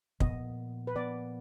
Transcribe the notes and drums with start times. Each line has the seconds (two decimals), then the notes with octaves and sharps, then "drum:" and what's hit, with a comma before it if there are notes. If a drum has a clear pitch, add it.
0.20 A#2 F3 B3 D#5, drum: kick
0.87 B4
0.95 A#2 F3 B3 D5